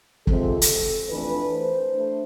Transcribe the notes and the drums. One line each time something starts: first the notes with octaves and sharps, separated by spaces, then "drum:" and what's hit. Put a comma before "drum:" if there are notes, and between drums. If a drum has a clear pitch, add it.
F2 C3 F3 G#3 C4 A4, drum: kick
drum: hi-hat
F2 E3 A3 D4 B4
C5
A3 D4